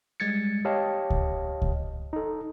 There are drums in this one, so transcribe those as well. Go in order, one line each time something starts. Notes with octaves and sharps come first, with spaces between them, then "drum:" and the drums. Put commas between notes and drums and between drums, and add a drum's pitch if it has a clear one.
G3 G#3 G#6 A6 C#7
G4 C#5 D#5 F5 G5 A5
drum: kick C#2
drum: kick C#2
D#4 A4